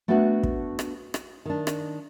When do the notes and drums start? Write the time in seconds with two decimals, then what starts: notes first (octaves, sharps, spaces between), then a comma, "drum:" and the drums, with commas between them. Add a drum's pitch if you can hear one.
0.08 A3 B3 D4 F#4 B4 F#5
0.43 drum: kick
0.79 drum: rim click
1.14 drum: rim click
1.45 D#3 D4
1.67 drum: rim click